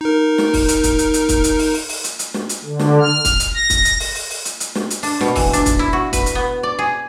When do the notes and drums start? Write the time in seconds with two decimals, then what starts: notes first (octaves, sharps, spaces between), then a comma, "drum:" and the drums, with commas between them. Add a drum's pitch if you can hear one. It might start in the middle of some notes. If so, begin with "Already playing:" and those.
0.01 D#4 A#4
0.38 drum: snare
0.53 drum: kick, open hi-hat
0.68 drum: hi-hat
0.84 drum: kick, hi-hat
0.99 drum: hi-hat
1.14 drum: hi-hat
1.29 drum: kick, hi-hat
1.44 drum: hi-hat
1.59 drum: open hi-hat
1.74 drum: open hi-hat
1.89 drum: open hi-hat
2.04 drum: hi-hat
2.19 drum: hi-hat
2.34 drum: snare
2.49 drum: hi-hat
2.64 D3
2.79 drum: snare
3.01 F6
3.25 drum: kick, hi-hat
3.40 drum: hi-hat
3.55 A#6
3.70 drum: kick, hi-hat
3.85 drum: hi-hat
4.00 drum: open hi-hat
4.15 drum: open hi-hat
4.30 drum: open hi-hat
4.45 drum: hi-hat
4.60 drum: hi-hat
4.75 drum: snare
4.90 drum: hi-hat
5.03 D4, drum: open hi-hat
5.21 B2, drum: snare
5.36 E3, drum: kick, open hi-hat
5.53 D4, drum: hi-hat
5.66 drum: kick, hi-hat
5.79 E4
5.93 F#4
6.13 B4, drum: kick, hi-hat
6.26 drum: hi-hat
6.35 B3
6.63 D5
6.79 G#4